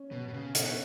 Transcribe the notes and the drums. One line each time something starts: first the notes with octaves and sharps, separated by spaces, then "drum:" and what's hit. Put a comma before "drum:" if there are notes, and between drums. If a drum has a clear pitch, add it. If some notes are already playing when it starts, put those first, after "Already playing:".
Already playing: C#4
B2
B2
C#3
B2, drum: hi-hat